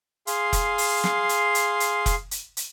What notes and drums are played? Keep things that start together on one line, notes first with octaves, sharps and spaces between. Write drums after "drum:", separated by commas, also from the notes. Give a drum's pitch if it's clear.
G#4 F5 C6, drum: hi-hat
drum: kick F1, hi-hat
drum: open hi-hat
drum: snare
drum: hi-hat
drum: hi-hat
drum: hi-hat
drum: kick F1, hi-hat
drum: hi-hat
drum: hi-hat